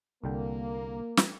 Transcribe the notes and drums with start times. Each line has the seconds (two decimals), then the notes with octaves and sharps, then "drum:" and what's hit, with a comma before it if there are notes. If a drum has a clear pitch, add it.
0.24 C2 D3 A#3 G5
1.17 drum: snare